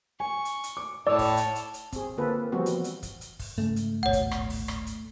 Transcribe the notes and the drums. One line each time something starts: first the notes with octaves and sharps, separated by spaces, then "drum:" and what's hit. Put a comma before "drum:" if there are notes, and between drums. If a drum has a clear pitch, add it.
G#5 C#6
drum: hi-hat
drum: hi-hat
D6
A2 C#5 D5 A5 D6 E6
drum: kick, open hi-hat
drum: hi-hat
drum: hi-hat
drum: hi-hat
C4 G#4, drum: kick, hi-hat
D3 A#3 C4 F4 A4 B4
E3 F3 G3 B3 C4 F#4
drum: hi-hat
drum: hi-hat
drum: kick, hi-hat
drum: hi-hat
drum: kick, open hi-hat
G#2 C#3 A3
drum: hi-hat
D1 G#1 B2 C#5 F#5
drum: kick, hi-hat
drum: rim click
drum: open hi-hat
drum: rim click
drum: hi-hat